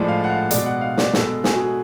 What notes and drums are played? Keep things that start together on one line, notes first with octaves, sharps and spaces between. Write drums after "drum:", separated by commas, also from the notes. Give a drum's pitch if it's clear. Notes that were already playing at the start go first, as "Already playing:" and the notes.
Already playing: A2 F3 G#3 D5
F5
F#5
F5
B2 G#3 D5, drum: hi-hat
F#5
F5
D5, drum: snare
B2 G#3 A4, drum: snare
G#4, drum: snare
F#4
G#4